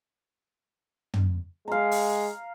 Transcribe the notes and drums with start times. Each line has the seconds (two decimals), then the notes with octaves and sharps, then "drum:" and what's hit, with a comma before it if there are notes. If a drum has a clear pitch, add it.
1.14 drum: tom
1.68 G#3 F5 A#5
1.91 drum: open hi-hat